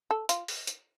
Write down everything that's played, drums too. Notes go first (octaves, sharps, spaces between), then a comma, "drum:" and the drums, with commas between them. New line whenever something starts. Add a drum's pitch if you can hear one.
A4
F4, drum: hi-hat
drum: open hi-hat
drum: hi-hat